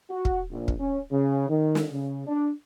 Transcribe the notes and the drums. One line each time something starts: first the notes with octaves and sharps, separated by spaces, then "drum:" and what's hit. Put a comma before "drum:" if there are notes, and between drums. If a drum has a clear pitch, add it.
F#4
drum: kick
A#1
drum: kick
C#4
C#3
D#3
drum: snare
C#3
D4